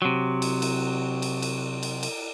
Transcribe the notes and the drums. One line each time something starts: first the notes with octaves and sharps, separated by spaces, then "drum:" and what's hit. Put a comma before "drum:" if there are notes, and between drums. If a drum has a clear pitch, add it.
C3 F#3
drum: cymbal
drum: cymbal
drum: cymbal
drum: cymbal
drum: cymbal
drum: cymbal